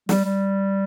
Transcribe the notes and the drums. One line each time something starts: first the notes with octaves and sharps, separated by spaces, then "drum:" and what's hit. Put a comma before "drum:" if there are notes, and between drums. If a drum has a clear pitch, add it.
G3, drum: snare
G3